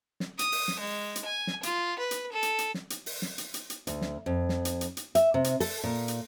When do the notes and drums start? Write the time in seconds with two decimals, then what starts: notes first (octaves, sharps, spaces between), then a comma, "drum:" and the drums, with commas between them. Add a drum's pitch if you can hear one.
0.20 drum: snare
0.39 D#6, drum: hi-hat
0.52 drum: open hi-hat
0.68 drum: snare
0.80 G#3
1.16 drum: hi-hat
1.25 G#5
1.47 drum: snare
1.63 F4, drum: hi-hat
1.99 B4
2.11 drum: hi-hat
2.32 A4
2.43 drum: hi-hat
2.59 drum: hi-hat
2.74 drum: snare
2.90 drum: hi-hat
3.06 drum: open hi-hat
3.22 drum: snare
3.38 drum: hi-hat
3.54 drum: hi-hat
3.70 drum: hi-hat
3.87 D2, drum: hi-hat
4.01 drum: snare
4.26 F2
4.49 drum: snare
4.65 drum: hi-hat
4.81 drum: hi-hat
4.97 drum: hi-hat
5.15 E5, drum: hi-hat
5.34 C3
5.44 drum: hi-hat
5.60 A4, drum: open hi-hat
5.84 A#2
6.08 drum: hi-hat